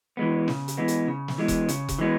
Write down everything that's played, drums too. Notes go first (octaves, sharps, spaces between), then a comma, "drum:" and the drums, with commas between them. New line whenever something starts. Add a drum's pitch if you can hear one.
E3 G#3 B3
C#3, drum: snare
drum: hi-hat
E3 G#3 B3
drum: hi-hat
C#3
drum: snare
E3 G#3 B3
drum: kick F1, hi-hat
C#3, drum: hi-hat
drum: kick F1, hi-hat
E3 G#3 B3